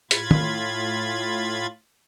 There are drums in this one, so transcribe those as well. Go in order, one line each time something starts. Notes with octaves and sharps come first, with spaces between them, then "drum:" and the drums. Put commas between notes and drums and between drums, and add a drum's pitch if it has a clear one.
A2 F4 B5 G#6 A6, drum: hi-hat
drum: tom